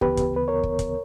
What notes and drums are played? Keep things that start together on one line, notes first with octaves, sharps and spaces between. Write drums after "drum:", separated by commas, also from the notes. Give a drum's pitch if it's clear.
D2 C#3 E3 B3 G4 B4, drum: kick
drum: kick, hi-hat
B4
A#4 C#5
drum: kick
drum: kick, hi-hat